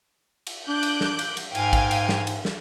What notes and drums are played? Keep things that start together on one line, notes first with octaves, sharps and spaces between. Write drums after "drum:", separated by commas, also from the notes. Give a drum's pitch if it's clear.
drum: cymbal
D4 D6 F#6 G6
drum: cymbal
drum: snare
drum: cymbal
drum: cymbal
G#2 F5 G5 G#5, drum: cymbal
drum: kick A1, cymbal
drum: cymbal
drum: snare
drum: cymbal
drum: snare